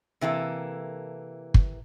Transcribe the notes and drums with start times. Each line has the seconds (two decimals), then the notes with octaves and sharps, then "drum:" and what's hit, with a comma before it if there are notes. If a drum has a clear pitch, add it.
0.21 C3 E3 A#3 A4
1.54 drum: kick